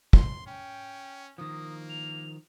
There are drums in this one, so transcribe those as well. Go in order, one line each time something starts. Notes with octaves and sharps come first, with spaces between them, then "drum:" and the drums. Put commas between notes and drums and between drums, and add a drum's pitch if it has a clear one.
C6, drum: kick
C#4 G5
D#3 F3 A#3 D#6
F7